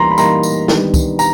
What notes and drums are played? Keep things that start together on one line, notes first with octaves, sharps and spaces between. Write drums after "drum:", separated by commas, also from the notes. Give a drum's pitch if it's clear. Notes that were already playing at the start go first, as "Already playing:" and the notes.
Already playing: E3 G3 A#3 D#4 A#5 C6
B5
E3 G3 A#3 D#4 A#5 C6, drum: tambourine
drum: tambourine
D#3 G3 B3 D4, drum: snare
drum: kick, tambourine
A#5, drum: tambourine